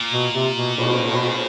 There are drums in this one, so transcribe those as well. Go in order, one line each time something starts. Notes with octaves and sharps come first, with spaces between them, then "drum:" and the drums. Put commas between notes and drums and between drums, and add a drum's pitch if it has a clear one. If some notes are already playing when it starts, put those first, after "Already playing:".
Already playing: A#2
B2
C3
B2
B2, drum: cymbal
B2, drum: cymbal